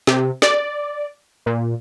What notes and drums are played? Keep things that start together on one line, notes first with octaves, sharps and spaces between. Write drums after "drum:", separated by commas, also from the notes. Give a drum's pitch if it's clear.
C3, drum: snare
D5, drum: snare
A#2